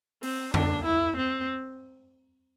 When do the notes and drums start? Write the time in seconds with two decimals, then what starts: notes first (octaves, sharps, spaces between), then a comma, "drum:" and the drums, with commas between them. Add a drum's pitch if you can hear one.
0.23 C4, drum: open hi-hat
0.54 D4, drum: tom F2
0.85 E4
1.17 C4